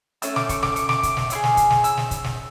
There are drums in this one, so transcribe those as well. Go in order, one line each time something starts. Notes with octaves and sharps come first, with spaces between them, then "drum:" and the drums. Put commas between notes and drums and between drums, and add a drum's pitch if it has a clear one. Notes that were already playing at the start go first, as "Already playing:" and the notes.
A3 C#4 E6, drum: hi-hat
D6, drum: snare
C#6, drum: kick, hi-hat
D6, drum: snare
C#6, drum: hi-hat
D6, drum: snare
drum: kick, hi-hat
drum: snare
C#4 E4 G#4, drum: hi-hat
drum: snare
drum: kick, hi-hat
drum: snare
E6, drum: hi-hat
drum: snare
drum: kick, hi-hat
drum: snare